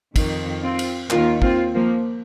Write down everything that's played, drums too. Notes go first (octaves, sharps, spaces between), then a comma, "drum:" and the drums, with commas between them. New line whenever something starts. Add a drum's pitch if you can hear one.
F2 D#3, drum: kick, cymbal
C4 F4
drum: cymbal
D#2 D#3 F4 A#4, drum: clap
C4 F4, drum: kick
F3 A#3